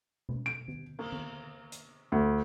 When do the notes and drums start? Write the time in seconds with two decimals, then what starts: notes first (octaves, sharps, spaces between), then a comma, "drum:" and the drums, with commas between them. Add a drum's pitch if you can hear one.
0.29 drum: tom B2
0.46 D7
0.68 drum: tom D#3
0.99 A#3, drum: cymbal
1.12 drum: tom D#3
1.72 drum: hi-hat
2.12 D2